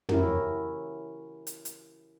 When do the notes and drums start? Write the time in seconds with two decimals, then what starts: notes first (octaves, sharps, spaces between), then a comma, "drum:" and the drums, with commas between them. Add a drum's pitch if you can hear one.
0.09 C#4 E4 F#4 G4 A#4, drum: tom
1.47 drum: hi-hat
1.65 drum: hi-hat